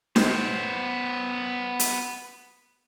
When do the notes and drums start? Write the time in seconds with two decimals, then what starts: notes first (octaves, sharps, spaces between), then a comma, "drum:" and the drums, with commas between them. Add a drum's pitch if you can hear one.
0.16 B3 C5, drum: snare D#4
1.79 drum: hi-hat